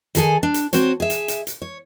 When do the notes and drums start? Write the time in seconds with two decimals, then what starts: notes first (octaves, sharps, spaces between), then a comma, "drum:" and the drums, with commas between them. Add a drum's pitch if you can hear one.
0.15 D#3 G#4 A4 G#5, drum: hi-hat
0.43 D4
0.54 drum: hi-hat
0.73 C4 F#4 C5 C#5, drum: hi-hat
1.00 G#4 E5
1.10 drum: hi-hat
1.28 drum: hi-hat
1.47 drum: hi-hat
1.62 C#5